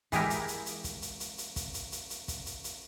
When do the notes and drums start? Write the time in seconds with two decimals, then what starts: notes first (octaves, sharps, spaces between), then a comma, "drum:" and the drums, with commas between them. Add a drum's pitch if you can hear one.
0.12 E3 G#3 E4 G4 A#4, drum: kick, hi-hat
0.30 drum: hi-hat
0.48 drum: hi-hat
0.66 drum: hi-hat
0.84 drum: kick, hi-hat
1.02 drum: hi-hat
1.20 drum: hi-hat
1.38 drum: hi-hat
1.56 drum: kick, hi-hat
1.74 drum: hi-hat
1.92 drum: hi-hat
2.10 drum: hi-hat
2.28 drum: kick, hi-hat
2.46 drum: hi-hat
2.64 drum: hi-hat